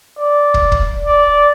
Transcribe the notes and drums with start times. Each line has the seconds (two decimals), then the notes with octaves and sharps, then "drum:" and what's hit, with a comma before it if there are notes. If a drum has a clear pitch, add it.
0.18 D5
0.54 drum: kick
0.72 drum: kick
1.07 D5